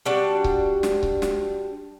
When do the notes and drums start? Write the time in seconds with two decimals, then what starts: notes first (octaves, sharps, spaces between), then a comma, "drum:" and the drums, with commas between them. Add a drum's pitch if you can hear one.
0.06 G3 D4 F#4 A5
0.44 drum: kick C#1
0.83 drum: snare
1.03 drum: kick C#1
1.22 drum: snare